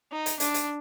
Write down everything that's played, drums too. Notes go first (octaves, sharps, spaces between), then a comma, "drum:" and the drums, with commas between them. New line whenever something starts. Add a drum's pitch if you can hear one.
D#4
drum: hi-hat
D4, drum: hi-hat
drum: hi-hat